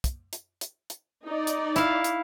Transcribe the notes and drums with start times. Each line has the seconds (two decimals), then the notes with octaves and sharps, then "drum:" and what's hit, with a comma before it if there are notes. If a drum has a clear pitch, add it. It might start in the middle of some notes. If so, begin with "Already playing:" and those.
0.04 drum: kick, hi-hat
0.33 drum: hi-hat
0.61 drum: hi-hat
0.90 drum: hi-hat
1.26 D#4 D5
1.47 drum: hi-hat
1.76 E4 F5, drum: hi-hat
2.04 drum: hi-hat